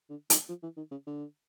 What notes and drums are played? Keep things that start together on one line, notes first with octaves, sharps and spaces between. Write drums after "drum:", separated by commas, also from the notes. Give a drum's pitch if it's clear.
D3
D#3, drum: hi-hat
F3
E3
D#3
C#3
D3